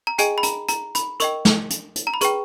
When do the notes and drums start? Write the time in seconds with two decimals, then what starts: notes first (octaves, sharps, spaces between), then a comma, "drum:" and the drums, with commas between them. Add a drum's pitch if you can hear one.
0.07 A#5
0.18 G#4 D#5 G5 G#5, drum: hi-hat
0.38 B5
0.43 A#5, drum: hi-hat
0.69 A#5, drum: hi-hat
0.95 B5, drum: hi-hat
1.20 A#4 D#5 G5 C#6, drum: hi-hat
1.45 drum: snare
1.70 drum: hi-hat
1.96 drum: hi-hat
2.07 A#5
2.14 B5
2.21 G#4 B4 G5 C#6, drum: hi-hat